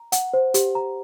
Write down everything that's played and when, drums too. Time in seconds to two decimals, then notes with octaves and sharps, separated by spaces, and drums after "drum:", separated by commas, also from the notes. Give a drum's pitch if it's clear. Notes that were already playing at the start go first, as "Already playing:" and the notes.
Already playing: A#5
0.12 F#5, drum: hi-hat
0.34 C5
0.54 G4, drum: hi-hat
0.75 A#5